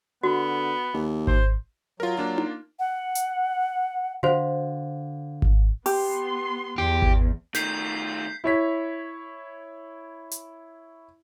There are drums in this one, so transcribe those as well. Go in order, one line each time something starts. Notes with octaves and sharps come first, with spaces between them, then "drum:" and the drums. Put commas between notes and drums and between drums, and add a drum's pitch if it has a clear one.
D3 B3 F#4
D#2
C5, drum: kick G#1
F#3 F4 A#4
A#3 D4 F4
drum: tom D#4
F#5
drum: hi-hat
D3 F#4 C5 F5 F#5
drum: kick G#1
B3 G4 C6, drum: open hi-hat
E2 G4
drum: kick G#1
D#3 A3 G6 B6 C7, drum: snare
E4 C#5 B6
drum: hi-hat